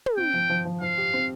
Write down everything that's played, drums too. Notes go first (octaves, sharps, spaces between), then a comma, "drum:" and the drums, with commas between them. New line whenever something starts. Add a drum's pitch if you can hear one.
drum: tom
C4 G5
F3
F3
F3
F3 F5
G4
C4